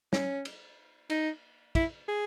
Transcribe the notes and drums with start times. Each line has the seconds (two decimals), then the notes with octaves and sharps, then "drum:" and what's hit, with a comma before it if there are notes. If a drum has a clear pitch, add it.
0.13 C#4, drum: snare
0.45 drum: cymbal
1.10 D#4, drum: cymbal
1.75 E4, drum: kick, cymbal
2.08 G#4